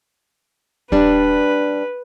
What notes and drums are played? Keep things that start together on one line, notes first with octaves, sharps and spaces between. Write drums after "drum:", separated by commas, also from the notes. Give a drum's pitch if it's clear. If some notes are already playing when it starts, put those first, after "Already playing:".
G3 D4 B4, drum: kick D#1